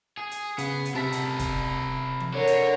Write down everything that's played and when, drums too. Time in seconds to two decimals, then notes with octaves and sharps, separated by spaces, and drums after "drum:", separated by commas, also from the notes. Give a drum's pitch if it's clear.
0.17 G#4
0.31 drum: hi-hat
0.58 C#3 B3, drum: hi-hat
0.85 drum: hi-hat
0.95 C3 E4 A#4 A5 B6
1.12 drum: hi-hat
1.39 drum: kick, hi-hat
2.20 drum: tom E3
2.34 D3 A#4 C#5
2.47 drum: hi-hat